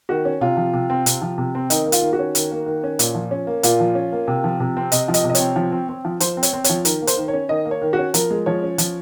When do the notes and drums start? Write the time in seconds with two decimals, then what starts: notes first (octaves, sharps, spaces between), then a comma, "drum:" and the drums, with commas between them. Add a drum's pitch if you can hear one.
0.09 D#3 F#4
0.25 C#4
0.41 C3 F4
0.57 F3
0.73 C3
0.90 C4
1.06 C3, drum: hi-hat
1.22 F3
1.38 C3
1.55 C4
1.70 D#3 D#4, drum: hi-hat
1.86 A#3
1.92 F4, drum: hi-hat
2.02 D#3
2.13 F#4
2.19 C#4
2.35 D#3, drum: hi-hat
2.51 A#3
2.66 D#3
2.84 C#4
2.99 A#2, drum: hi-hat
3.15 F3
3.31 C#4
3.47 A#3
3.63 A#2 F4, drum: hi-hat
3.80 F3
3.95 C#4
4.12 A#3
4.28 C3
4.44 F3
4.60 C3
4.77 C4
4.92 C3 D#5, drum: hi-hat
5.08 F3
5.14 D#5, drum: hi-hat
5.24 C3
5.30 D#5
5.35 C#5, drum: hi-hat
5.40 C4
5.56 F3
5.72 C4
5.89 C4
6.05 F3
6.20 F3 C5, drum: hi-hat
6.37 C4
6.43 C#5, drum: hi-hat
6.53 C4
6.64 C#5, drum: hi-hat
6.70 F3
6.85 D#3 A#4, drum: hi-hat
7.02 A#3
7.07 C5, drum: hi-hat
7.17 D#3
7.28 C#5
7.33 C#4
7.49 D#3 D#5
7.65 A#3
7.71 C#5
7.82 D#3
7.93 F#4
7.98 C#4
8.14 F3 A#4, drum: hi-hat
8.30 G#3
8.46 F3 C#5
8.63 C#4
8.78 F3, drum: hi-hat